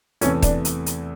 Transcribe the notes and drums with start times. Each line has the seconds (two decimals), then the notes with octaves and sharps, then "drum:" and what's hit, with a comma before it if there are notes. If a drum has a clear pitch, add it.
0.21 E2 C3 E3 A3 C#4, drum: hi-hat
0.42 D4, drum: kick D#1, hi-hat
0.65 drum: hi-hat
0.86 drum: hi-hat